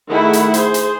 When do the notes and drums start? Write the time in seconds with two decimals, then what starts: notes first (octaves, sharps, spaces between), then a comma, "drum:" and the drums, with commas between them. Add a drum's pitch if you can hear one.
0.11 D#3 A3 E4 G#4 F#5
0.33 drum: hi-hat
0.54 G#4 C5, drum: hi-hat
0.74 drum: hi-hat